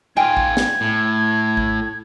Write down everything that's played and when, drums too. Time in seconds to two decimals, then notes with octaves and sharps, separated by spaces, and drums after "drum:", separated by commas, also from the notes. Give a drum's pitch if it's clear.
0.17 D#2 F4 G5 G#5 G#6
0.37 drum: kick A1
0.57 drum: snare
0.81 A2
1.57 drum: kick A1